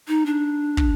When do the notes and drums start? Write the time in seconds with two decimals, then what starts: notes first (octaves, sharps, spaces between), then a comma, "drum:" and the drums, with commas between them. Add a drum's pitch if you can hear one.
0.08 D#4
0.26 D4
0.77 drum: kick